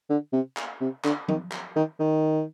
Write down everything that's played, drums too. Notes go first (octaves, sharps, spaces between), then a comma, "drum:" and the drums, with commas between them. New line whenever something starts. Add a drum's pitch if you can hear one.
D3
C3
drum: clap
C3
D3, drum: clap
D#3, drum: tom F3
drum: clap
D#3
D#3